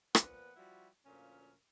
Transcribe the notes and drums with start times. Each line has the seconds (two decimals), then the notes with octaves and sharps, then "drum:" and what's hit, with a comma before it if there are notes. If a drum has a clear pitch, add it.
0.15 A#2 F3 B3 B4 F#5, drum: rim click
0.56 F3 G3 E4 F#4
1.06 D2 A#2 F3 C#4 A#4